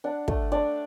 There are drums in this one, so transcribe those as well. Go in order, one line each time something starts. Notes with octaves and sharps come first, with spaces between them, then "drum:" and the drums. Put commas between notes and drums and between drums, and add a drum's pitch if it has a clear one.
D4 F#5
A3, drum: kick
D4 D5